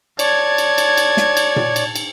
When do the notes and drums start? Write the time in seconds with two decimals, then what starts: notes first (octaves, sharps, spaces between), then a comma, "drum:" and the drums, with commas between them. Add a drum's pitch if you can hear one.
0.19 C#5 D5 A5 G#6, drum: cymbal
0.58 drum: cymbal
0.78 drum: cymbal
0.98 drum: cymbal
1.17 drum: snare
1.37 drum: cymbal
1.56 drum: tom A#2
1.76 drum: cymbal
1.96 drum: cymbal